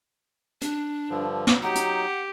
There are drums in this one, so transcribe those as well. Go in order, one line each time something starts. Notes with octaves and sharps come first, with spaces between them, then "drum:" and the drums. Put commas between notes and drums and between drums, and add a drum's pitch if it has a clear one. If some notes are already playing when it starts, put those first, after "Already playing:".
D4, drum: hi-hat
G2 D3 F3
drum: snare
F#3 D#4 G4 F#5
drum: hi-hat